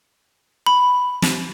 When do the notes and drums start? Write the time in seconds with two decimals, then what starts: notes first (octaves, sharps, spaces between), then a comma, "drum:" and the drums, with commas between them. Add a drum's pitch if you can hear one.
0.66 B5
1.22 drum: snare